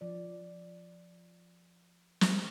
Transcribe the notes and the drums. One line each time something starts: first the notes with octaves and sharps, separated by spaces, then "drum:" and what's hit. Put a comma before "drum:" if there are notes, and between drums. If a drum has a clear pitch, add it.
F3 D5
drum: snare